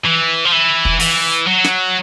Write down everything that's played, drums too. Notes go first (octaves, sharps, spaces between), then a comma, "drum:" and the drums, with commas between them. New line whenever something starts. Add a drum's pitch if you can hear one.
E3
F3
E3
drum: kick
E3, drum: open hi-hat
F#3
drum: snare